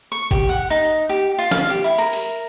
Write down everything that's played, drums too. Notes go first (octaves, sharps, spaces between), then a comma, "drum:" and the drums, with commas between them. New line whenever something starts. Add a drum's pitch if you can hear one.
C#6
G4, drum: kick G#1
F#5
D#4
G4
F4
F5, drum: snare
G4
E4
A#4
drum: open hi-hat